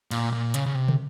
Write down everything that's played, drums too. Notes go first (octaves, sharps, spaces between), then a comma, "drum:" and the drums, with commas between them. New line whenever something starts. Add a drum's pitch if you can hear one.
A#2, drum: cymbal
A#2
C#3, drum: hi-hat
C#3
C3
drum: tom